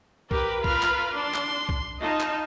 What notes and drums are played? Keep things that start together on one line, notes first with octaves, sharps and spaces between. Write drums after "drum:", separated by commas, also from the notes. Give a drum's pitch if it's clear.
G4 A#4 B4, drum: kick B1
F4 A#4 B4 B5 F6, drum: kick B1
drum: clap
D4 C6
drum: clap
drum: kick B1
D#4 F4 D#5 A5
drum: clap